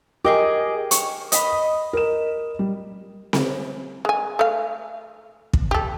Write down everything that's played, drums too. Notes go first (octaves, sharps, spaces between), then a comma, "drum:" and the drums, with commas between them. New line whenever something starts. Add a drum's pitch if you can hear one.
G4 G#4 A#4 D#5 G5 D6
C#6, drum: hi-hat
D#5 B5, drum: hi-hat
A#4 E7
G3
drum: snare C4
G#3 G#5
A3 F5
drum: kick
G4 A4